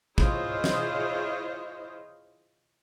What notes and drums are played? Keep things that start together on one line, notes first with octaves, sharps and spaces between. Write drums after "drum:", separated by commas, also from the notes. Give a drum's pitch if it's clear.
E4 F4 G#4 C5 C#5 D#5, drum: kick
drum: snare